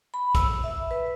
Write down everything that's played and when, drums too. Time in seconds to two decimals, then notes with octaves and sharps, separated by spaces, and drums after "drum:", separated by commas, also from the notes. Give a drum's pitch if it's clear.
0.14 B5
0.35 E6, drum: kick A1, hi-hat
0.64 E5
0.91 B4